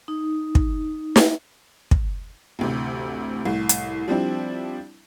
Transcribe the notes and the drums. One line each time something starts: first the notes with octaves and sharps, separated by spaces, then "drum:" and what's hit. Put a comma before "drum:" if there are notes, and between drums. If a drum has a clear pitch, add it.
D#4
drum: kick
drum: snare
drum: kick
A1 D2 C3
C2 A2
drum: hi-hat
F3 G3 C4 D4 E4